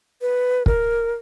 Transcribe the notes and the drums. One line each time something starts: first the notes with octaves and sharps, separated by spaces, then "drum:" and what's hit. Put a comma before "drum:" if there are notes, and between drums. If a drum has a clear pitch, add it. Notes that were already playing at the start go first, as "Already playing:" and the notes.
B4
A#4, drum: kick